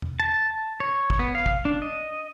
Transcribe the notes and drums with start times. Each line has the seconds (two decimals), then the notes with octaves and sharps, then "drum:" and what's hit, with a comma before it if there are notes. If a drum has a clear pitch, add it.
0.02 drum: tom E2
0.20 A5
0.80 C#5
1.10 drum: kick
1.19 B3
1.35 F5
1.46 drum: kick
1.65 D4
1.82 D#5